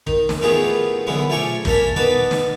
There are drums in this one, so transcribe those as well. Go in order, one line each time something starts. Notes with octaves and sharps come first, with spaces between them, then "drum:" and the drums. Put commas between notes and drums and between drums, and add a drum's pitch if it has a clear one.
D#3, drum: kick
drum: snare
A2 D#3 B3 F4 G4 G#4
B1 D3 E3 G#3 B3
F3 A3 C#4 G#5 C#6 D6
C2 A#3 C#4 A5 B5, drum: kick
B3 D#4 B4 A5 D6
drum: snare